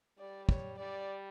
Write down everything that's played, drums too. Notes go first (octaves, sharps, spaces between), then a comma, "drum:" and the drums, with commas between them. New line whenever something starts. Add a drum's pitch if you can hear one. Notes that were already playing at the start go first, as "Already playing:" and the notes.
G3 D5
C#5, drum: kick
G3 D5